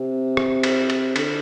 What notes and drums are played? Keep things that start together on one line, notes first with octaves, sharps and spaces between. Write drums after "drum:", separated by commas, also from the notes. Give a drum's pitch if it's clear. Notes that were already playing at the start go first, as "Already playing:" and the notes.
Already playing: C3
drum: rim click
drum: cymbal
drum: cymbal
D3, drum: cymbal